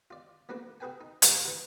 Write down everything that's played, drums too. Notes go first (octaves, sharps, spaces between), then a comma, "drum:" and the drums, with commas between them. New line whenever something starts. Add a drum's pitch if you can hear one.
F4 D5
F3 F#3 A3 A#3 D4 B4
F#4 G#4 A4 B4 G5 G#5
D#4
G2 A#2 E3 C5 D5 D#5, drum: hi-hat
E3 F#4